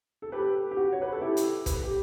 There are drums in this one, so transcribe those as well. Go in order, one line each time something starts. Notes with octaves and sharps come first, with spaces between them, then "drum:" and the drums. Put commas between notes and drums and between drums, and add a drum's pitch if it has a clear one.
A4
G4 B4
G4
F#4
C#5
B4
A4
E4 G4
drum: hi-hat
B4, drum: kick, hi-hat
A4
G4